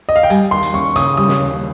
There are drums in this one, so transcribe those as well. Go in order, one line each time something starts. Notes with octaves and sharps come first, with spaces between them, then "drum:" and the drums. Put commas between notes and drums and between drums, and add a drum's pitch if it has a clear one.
D#5
F5
G5
G3 G#5, drum: hi-hat
D#2 C6
drum: hi-hat
C#4 C#6
C#3 D#6, drum: hi-hat
G3 D#6
drum: snare
D#2